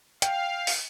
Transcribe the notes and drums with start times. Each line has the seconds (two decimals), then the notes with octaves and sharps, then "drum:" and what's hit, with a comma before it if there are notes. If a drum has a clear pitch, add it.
0.22 F5 G5, drum: hi-hat
0.67 drum: open hi-hat